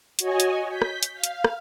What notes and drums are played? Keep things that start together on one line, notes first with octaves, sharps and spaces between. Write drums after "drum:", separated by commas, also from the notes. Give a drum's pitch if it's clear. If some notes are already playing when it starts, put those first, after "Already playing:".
F#4 C#5 D#5 G#5, drum: hi-hat
drum: hi-hat
G6 B6
drum: rim click
drum: hi-hat
F5
drum: hi-hat
drum: rim click